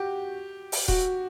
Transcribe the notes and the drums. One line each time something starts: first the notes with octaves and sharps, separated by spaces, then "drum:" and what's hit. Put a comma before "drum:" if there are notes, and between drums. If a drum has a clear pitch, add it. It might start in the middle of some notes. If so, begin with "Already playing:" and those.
Already playing: F#4 G4
drum: open hi-hat
F#4, drum: kick D#1